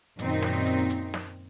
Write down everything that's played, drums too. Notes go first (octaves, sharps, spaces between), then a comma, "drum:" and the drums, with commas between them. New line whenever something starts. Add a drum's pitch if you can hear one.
F#2 A#2 D#3 C4 D#4, drum: hi-hat
drum: snare
drum: hi-hat
drum: hi-hat
drum: snare